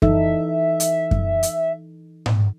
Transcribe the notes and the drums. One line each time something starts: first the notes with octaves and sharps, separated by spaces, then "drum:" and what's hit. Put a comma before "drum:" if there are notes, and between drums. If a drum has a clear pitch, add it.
E3 D#4 A4 E5, drum: kick F#2
drum: hi-hat
drum: kick F#2
drum: hi-hat
drum: tom G#2